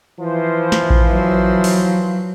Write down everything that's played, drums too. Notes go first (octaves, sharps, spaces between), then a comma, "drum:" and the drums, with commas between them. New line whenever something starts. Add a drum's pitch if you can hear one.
E3 F3 C5
drum: snare
drum: kick A1
F#3
drum: open hi-hat